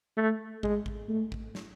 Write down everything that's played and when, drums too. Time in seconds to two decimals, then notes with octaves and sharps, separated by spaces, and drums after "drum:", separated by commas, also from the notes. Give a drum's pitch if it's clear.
0.17 A3
0.63 G#3, drum: kick
0.86 drum: kick
1.09 A3
1.32 drum: kick
1.55 drum: snare